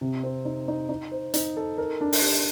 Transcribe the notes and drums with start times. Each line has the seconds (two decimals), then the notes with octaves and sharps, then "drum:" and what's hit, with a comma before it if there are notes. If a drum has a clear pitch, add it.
0.01 C3
0.23 C4
0.45 D#4
0.68 D#4
0.89 D#4
1.12 C5
1.34 D#4, drum: hi-hat
1.57 A4
1.78 A#4
2.01 D4
2.13 drum: open hi-hat
2.22 G4